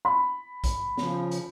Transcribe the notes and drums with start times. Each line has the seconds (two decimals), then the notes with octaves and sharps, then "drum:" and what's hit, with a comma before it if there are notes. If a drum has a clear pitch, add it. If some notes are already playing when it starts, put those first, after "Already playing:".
0.05 B5
0.64 drum: kick, hi-hat
0.98 C#3 F3, drum: snare
1.31 drum: hi-hat